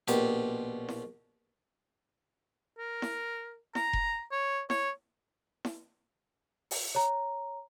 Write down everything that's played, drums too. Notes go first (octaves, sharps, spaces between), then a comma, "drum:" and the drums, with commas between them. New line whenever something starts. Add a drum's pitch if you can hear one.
A#1 B2 G4, drum: hi-hat
drum: snare E4
A#4
drum: snare E4
A#5, drum: snare E4
drum: kick F1
C#5
C#5, drum: snare E4
drum: snare E4
drum: open hi-hat
C#5 A#5